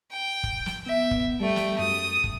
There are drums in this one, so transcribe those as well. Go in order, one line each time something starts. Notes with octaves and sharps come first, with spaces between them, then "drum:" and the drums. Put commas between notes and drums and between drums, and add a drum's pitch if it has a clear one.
G5
drum: kick
drum: snare
B3 E5
drum: kick
G3 A3 G5
drum: snare
F#2 D#6
drum: kick